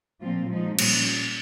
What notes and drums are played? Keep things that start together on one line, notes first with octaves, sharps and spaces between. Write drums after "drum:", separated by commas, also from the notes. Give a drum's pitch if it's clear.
A#2 F3 C4 F4
F3 G#3 D#4
A#2 G3 C#4, drum: cymbal